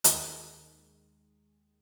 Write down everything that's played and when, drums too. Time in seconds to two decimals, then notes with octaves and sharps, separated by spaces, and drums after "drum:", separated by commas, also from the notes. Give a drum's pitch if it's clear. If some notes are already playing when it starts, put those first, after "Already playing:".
0.04 D#2 D#3 G#3, drum: hi-hat